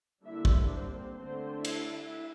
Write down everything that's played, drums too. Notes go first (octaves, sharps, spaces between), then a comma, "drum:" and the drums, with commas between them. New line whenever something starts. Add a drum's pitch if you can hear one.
D3 G3 A#3 D4 E4 E5
drum: kick
C4 C5
D3 A3 C4 D4 C5
E4 E5, drum: cymbal